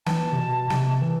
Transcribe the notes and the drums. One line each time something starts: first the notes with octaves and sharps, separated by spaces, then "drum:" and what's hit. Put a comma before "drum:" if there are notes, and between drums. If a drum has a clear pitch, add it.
E3 A5, drum: snare
C3
B2
C3, drum: snare
E3